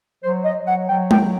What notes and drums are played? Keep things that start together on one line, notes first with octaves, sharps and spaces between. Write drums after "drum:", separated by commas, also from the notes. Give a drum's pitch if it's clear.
F#3 C5
D#5
F#3
F#5
F#3 G5
G5, drum: tom G#3
F#3